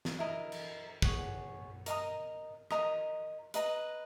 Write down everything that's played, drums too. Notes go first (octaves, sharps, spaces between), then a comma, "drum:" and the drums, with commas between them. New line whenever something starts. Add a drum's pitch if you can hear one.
drum: snare
E4 A#4 D#5
drum: cymbal
G#4 C#5 F#5, drum: kick
A#4 D#5 A#5 D#6, drum: hi-hat
A#4 D#5 A#5 D#6, drum: rim click
B4 D#5 A#5, drum: hi-hat